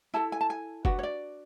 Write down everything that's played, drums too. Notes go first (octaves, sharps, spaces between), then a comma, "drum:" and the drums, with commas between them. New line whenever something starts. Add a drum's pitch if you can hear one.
E4 A4 A5
G#5
A5
G#5
D4 F#4 B4 F#5, drum: kick
C#5
D5